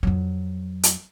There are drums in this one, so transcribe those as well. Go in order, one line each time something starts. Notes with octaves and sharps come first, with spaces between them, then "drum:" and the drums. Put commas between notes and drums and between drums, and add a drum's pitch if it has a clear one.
F2 F#3
drum: hi-hat